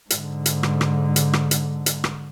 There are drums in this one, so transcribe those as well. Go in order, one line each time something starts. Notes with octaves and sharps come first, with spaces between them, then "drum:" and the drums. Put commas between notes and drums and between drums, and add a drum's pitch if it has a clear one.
G#2 D3, drum: hi-hat
drum: hi-hat
drum: rim click
drum: rim click
drum: hi-hat
drum: rim click
drum: hi-hat
drum: hi-hat
drum: rim click